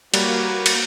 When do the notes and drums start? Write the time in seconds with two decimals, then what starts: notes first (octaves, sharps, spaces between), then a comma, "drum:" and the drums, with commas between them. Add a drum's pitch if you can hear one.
0.14 G3 A#3 F#4 B4 C#5 D6, drum: cymbal
0.66 drum: cymbal